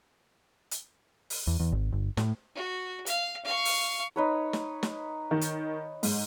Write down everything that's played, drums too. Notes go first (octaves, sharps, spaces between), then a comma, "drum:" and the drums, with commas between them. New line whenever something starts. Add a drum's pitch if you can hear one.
drum: hi-hat
drum: open hi-hat
E2
E2
G#1
G1
A2, drum: snare
F#4
F5, drum: hi-hat
F5 C#6
drum: open hi-hat
D#4 B4 C#5
drum: snare
drum: snare
D#3
drum: hi-hat
G#2, drum: open hi-hat